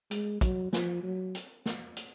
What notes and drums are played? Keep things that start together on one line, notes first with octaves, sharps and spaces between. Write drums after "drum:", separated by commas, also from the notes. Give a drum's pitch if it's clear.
G#3, drum: hi-hat
F#3, drum: kick, hi-hat
F3, drum: snare
F#3
drum: hi-hat
drum: snare
drum: hi-hat